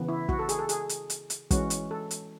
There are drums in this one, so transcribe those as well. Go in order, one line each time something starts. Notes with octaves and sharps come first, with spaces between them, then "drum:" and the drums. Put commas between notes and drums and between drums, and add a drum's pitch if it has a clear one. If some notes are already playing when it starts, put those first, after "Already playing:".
Already playing: C#3 E3 B3
E4
F#4, drum: kick
A4
G#4, drum: hi-hat
A4
G#4, drum: hi-hat
drum: hi-hat
drum: hi-hat
drum: hi-hat
E3 G#3 C#4 F#4, drum: kick, hi-hat
drum: hi-hat
A4
drum: hi-hat